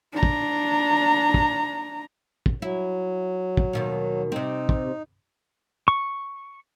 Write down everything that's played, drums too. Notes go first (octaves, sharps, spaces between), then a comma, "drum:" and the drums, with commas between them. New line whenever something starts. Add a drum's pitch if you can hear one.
D4 A#5
drum: kick
drum: kick
drum: kick
F#3 E4
drum: kick
D#2 B2 D#3
C3 C4 D#4
drum: kick
C#6